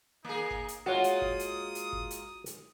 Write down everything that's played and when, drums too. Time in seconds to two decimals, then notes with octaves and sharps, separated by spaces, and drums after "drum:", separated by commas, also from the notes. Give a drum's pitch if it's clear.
0.25 A#3 D#4 G#4
0.51 drum: kick
0.68 drum: hi-hat
0.86 G#3 A#3 F4 F#4 C#5 D#6
1.04 drum: hi-hat
1.22 drum: kick
1.39 drum: hi-hat
1.75 drum: hi-hat
1.93 drum: kick
2.10 drum: hi-hat
2.46 drum: hi-hat